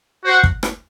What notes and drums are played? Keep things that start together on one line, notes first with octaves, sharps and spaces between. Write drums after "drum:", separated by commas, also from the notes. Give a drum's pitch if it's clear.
F#4 C5 F#5
drum: kick
drum: rim click